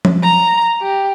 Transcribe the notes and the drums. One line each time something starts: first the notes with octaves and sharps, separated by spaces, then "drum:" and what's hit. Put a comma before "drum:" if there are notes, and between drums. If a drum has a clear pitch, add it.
drum: tom F3
A#5
G4